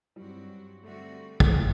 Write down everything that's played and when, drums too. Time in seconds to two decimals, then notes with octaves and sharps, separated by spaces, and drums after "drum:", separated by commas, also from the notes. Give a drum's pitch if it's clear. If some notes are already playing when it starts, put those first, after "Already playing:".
0.16 G2 F#3 G3 C4 F#4
0.83 D3 G3 A3 C4 F#4
1.40 drum: kick
1.51 A3